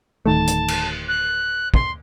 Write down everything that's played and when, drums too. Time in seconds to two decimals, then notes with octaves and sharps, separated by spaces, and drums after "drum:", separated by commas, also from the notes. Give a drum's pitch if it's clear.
0.26 D1 D#3 A3 A5
0.47 drum: hi-hat
0.68 drum: cymbal
1.08 F#6
1.74 C6, drum: kick